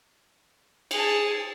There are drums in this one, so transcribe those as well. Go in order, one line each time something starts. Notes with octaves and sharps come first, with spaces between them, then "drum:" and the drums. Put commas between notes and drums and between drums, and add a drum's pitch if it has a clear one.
G#4 A5, drum: cymbal